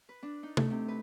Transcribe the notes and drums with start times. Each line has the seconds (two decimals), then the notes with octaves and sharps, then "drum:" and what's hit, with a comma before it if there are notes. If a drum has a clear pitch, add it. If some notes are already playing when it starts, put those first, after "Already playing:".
0.09 B4
0.23 D4
0.43 D#4
0.57 A3, drum: tom
0.71 C3
0.88 B4